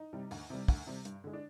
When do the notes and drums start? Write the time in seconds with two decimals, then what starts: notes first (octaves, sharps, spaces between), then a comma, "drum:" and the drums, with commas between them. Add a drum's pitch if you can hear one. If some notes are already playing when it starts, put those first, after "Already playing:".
Already playing: D#4
0.13 C3 G3
0.31 D2, drum: open hi-hat
0.50 C3 G3
0.68 D2, drum: kick, open hi-hat
0.87 C3 G3
1.05 G2, drum: hi-hat
1.24 D3 G#3
1.33 D4